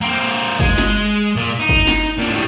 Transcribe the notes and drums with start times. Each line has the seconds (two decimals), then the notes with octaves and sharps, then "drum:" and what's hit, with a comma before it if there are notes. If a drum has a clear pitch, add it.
0.01 A#3 C4
0.60 G#3, drum: kick, hi-hat
0.78 drum: snare
0.96 drum: hi-hat
1.36 A#2
1.60 D#4
1.69 drum: kick, hi-hat
1.87 drum: snare
2.06 drum: hi-hat
2.18 A#2 D3
2.31 A2 G3